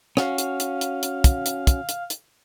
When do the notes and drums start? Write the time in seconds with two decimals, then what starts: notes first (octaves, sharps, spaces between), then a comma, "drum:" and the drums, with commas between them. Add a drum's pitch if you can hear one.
0.17 C#4 F#4 F5, drum: rim click
0.38 drum: hi-hat
0.60 drum: hi-hat
0.81 drum: hi-hat
1.03 drum: hi-hat
1.24 drum: kick, hi-hat
1.46 drum: hi-hat
1.67 drum: kick, hi-hat
1.89 drum: hi-hat
2.10 drum: hi-hat